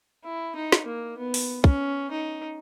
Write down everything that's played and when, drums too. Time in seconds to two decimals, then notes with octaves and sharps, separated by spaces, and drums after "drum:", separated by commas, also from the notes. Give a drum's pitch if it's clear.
0.24 E4
0.55 D#4
0.72 drum: snare
0.86 A#3
1.18 B3
1.34 drum: open hi-hat
1.64 C#4, drum: kick
2.11 D#4